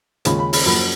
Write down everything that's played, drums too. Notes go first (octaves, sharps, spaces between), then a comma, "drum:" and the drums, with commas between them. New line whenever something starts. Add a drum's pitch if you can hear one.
D#2 C#3 G#3 C#4 F4 B5, drum: hi-hat
B5
B5, drum: open hi-hat
F#2 F3 A#3 B5